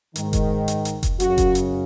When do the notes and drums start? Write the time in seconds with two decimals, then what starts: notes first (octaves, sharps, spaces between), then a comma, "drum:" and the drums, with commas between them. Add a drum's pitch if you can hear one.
0.16 G#2 D#3, drum: hi-hat
0.33 drum: kick F1, hi-hat
0.68 drum: hi-hat
0.85 drum: hi-hat
1.03 drum: kick F1, hi-hat
1.20 F#2 C#3 F#4, drum: hi-hat
1.38 drum: kick F1, hi-hat
1.55 drum: hi-hat